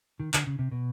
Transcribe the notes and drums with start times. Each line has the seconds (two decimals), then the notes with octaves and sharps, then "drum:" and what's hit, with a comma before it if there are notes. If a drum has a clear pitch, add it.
0.20 D#3
0.34 D3, drum: clap
0.47 C#3
0.59 C3
0.72 B2